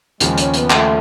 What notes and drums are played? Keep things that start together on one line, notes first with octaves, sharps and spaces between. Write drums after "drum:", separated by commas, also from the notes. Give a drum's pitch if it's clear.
D#2 C#3 F3 G#3, drum: hi-hat
C#4, drum: hi-hat
B3, drum: hi-hat
A3, drum: clap